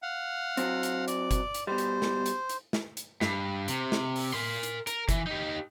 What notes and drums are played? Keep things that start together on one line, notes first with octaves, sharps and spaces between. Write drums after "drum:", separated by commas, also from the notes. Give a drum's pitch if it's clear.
F5 F#5
F#3 C4, drum: hi-hat
drum: hi-hat
D5, drum: hi-hat
drum: kick F#1, hi-hat
drum: hi-hat
B2 G3 C5
drum: hi-hat
drum: snare
drum: hi-hat
drum: hi-hat
drum: snare
drum: hi-hat
G2, drum: snare
C3, drum: hi-hat
drum: snare
drum: open hi-hat
A#4 C6
drum: hi-hat
A#4, drum: hi-hat
E3, drum: kick F#1, hi-hat
D#4 G4